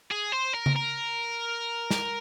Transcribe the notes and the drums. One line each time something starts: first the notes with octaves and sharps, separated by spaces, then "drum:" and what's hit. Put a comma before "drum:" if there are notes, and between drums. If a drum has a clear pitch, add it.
G#4
C5
A#4
drum: tom C#3
A#4
drum: snare